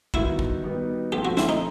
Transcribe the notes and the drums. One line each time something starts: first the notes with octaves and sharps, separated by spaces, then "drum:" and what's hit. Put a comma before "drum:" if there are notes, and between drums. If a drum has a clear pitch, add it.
D#3 G3 B3 D#4 E4 F#4, drum: kick A#1
drum: kick A#1
D#3 G3 B3 D#4 F#4
F3 A3 C4 G4
F#4
E4, drum: snare
D#4